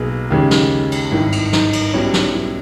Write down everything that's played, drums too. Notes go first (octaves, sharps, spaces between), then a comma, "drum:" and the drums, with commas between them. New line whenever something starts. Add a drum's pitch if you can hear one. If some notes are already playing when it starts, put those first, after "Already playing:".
Already playing: B1 B2 A#3 G#4
D#2 C#3 G#3 C#4 G4
drum: snare
drum: cymbal
G#1 G2 D#3 E4
drum: cymbal
D#4, drum: snare
drum: cymbal
B1 B2 G3 C#4 E4
drum: snare
E4